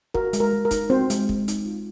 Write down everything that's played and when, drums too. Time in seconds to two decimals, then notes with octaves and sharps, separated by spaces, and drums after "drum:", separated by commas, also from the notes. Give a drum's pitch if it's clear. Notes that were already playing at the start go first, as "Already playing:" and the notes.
0.14 F#4 A#4, drum: kick
0.33 G#3, drum: hi-hat
0.40 A#4
0.53 G#3
0.65 A#4
0.71 D#4, drum: kick, hi-hat
0.90 C4 F#4 C5
1.10 G#3, drum: hi-hat
1.29 G#3, drum: kick
1.48 D#4, drum: hi-hat
1.66 F4